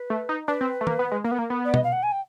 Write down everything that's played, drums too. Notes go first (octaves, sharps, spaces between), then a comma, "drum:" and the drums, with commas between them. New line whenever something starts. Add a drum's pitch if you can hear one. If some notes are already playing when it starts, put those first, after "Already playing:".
Already playing: B4
A3
D#4
D4 B4
C4
A3
A#3, drum: tom
B3
G#3
A#3 A#4
B3
A#3
B3
D5
D#5, drum: tom B2
F5
F#5
G#5
G5